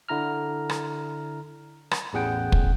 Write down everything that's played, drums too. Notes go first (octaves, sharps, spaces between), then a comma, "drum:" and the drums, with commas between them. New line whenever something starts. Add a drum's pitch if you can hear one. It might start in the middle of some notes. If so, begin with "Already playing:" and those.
D3 E4 A#5 F6
drum: rim click
drum: rim click
A1 E2 G#4 F#5 G5
drum: kick